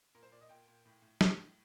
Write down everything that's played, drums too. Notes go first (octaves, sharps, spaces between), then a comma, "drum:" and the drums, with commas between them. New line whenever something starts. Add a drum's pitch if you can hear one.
A#2 A#4
C5
A#2 D5
D#5
A#2 G5
A#2
A2
A2
A2, drum: snare
A2